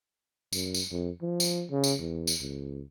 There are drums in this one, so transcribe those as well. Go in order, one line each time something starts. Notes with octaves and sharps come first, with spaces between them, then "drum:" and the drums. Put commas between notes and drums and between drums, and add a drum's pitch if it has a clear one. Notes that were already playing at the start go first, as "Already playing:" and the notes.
F#2, drum: tambourine
drum: tambourine
F2
F3
drum: tambourine
C#3
drum: tambourine
E2
drum: tambourine
C#2